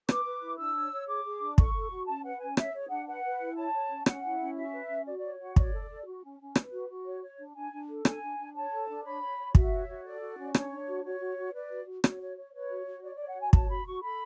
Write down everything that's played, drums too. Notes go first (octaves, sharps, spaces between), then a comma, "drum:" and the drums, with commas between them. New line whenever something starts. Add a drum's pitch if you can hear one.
B4 D6, drum: rim click
B4
E4
D4 E6
C#5
C#5
G#4 D6
G#4
D4
A4 C#6, drum: kick
A4
F#4
C#4 A5
B4 F#5
C#4 G#5
C#5 E5, drum: rim click
G#4 C#5
D4 F#5
B4 F#5
B4
E4
C#5 A5
C#5
C#4
C#4 F#5, drum: rim click
E4
C#4
F#4 E5
B4
C#4
F#4 D5
C#5 D5
F#4 F#5
C#5 D5, drum: kick
A4
A4
F#4
C#4
C#4
B4, drum: rim click
F#4
F#4
C#5
C#5
D4
D4 G#5
D4
A4
D4 G#5, drum: rim click
D4
D4
C#5 A5
A4
D4
C#5 B5
C#5
C#5
F#4 E5, drum: kick
C#5
F#4
A4 D5
F#4
C#4
D4 C#5, drum: rim click
D4
F#4
F#4 C#5
F#4
F#4
B4 D5
F#4
F#4
F#4 C#5, drum: rim click
C#5
C#5
B4 C#5
F#4
F#4
C#5 D5
C#5 D5
F#5
F#4 G#5
C#5 A5, drum: kick
F#4 B5
F#4 C#6
A4 B5